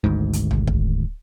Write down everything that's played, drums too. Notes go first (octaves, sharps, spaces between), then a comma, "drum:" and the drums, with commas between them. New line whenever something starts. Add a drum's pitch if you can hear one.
G#1 D2 G#2
drum: hi-hat
drum: tom
drum: kick